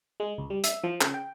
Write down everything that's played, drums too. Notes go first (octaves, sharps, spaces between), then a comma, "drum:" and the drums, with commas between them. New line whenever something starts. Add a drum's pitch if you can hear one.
G#3
C#2
G3
E5, drum: hi-hat
F3
C#3, drum: clap
G5